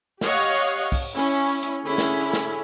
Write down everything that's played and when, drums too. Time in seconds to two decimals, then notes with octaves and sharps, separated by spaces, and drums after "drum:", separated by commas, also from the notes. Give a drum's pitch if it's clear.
0.21 G4 C#5 D#5 F5 F#5, drum: snare
0.92 drum: kick, open hi-hat
1.15 C#4 E4
1.63 drum: hi-hat
1.83 D3 C#4 E4 G#4
1.98 drum: snare
2.33 drum: snare